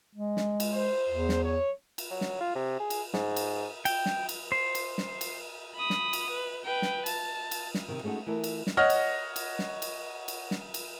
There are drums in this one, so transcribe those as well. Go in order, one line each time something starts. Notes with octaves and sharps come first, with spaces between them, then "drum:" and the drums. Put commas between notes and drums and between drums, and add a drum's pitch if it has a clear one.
G#3
drum: snare
drum: cymbal
C5
E2
drum: snare
C#5
drum: cymbal
F#3
drum: snare
F4
C3
G#4
drum: cymbal
G#2, drum: snare
drum: cymbal
G5, drum: cymbal
drum: snare
drum: cymbal
C5
drum: cymbal
drum: snare
drum: cymbal
B5 D#6
drum: snare
drum: cymbal
B4
B4 G5
drum: snare
A5, drum: cymbal
drum: cymbal
drum: snare
C3 D#3
G#3 A3 C#4 D#4 F#4
E3 A3 A#4 E5
drum: cymbal
drum: snare
C#5 D#5 F#5 F6
drum: cymbal
drum: cymbal
drum: snare
drum: cymbal
drum: cymbal
drum: snare
drum: cymbal